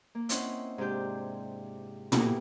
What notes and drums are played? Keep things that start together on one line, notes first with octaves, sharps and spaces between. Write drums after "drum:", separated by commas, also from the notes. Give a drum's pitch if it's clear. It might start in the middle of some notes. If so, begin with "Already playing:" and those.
A#3
C4 C#4 D#4 E4 C5 F#5, drum: hi-hat
G#2 C3 D4 G4 G6
A#3 B3 E4 F#4 G4 A4, drum: tom